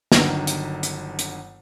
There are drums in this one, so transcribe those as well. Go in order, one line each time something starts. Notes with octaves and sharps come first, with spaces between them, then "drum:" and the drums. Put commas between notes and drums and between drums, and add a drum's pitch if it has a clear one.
G1 D3 D#3 F#3, drum: snare
drum: hi-hat
drum: hi-hat
drum: hi-hat